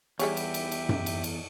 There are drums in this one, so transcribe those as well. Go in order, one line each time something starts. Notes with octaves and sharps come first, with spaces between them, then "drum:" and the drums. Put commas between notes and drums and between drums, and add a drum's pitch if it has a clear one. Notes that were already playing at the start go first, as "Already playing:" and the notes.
E2 G3 G4 G#4 C#5 E5, drum: cymbal
drum: cymbal
drum: cymbal
drum: cymbal
drum: tom F#2
drum: cymbal
drum: cymbal